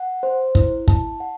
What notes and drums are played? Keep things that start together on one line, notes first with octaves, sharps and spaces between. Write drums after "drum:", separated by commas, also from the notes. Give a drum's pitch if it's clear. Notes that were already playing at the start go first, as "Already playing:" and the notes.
Already playing: F#5
C5
E4, drum: kick
A5, drum: kick
F#5